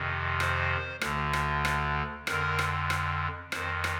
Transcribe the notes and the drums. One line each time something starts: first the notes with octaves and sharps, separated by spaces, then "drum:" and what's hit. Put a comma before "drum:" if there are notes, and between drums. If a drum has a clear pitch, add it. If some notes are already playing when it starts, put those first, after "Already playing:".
Already playing: F2 C3 D#3
C5, drum: rim click
D2 D3, drum: rim click
drum: rim click
drum: rim click
F2 D3 A#4, drum: rim click
drum: rim click
drum: rim click
F2 D#3 C5, drum: rim click
drum: rim click